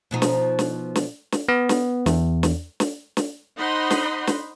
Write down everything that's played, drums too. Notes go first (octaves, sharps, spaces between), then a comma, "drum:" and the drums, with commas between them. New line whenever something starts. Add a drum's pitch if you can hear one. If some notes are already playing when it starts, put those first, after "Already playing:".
B2 F3 D#4
drum: snare
drum: snare
drum: snare
drum: snare
B3
drum: snare
E2, drum: snare
drum: snare
drum: snare
drum: snare
D#4 C5 D#5 F#5 B5 C6
drum: snare
drum: snare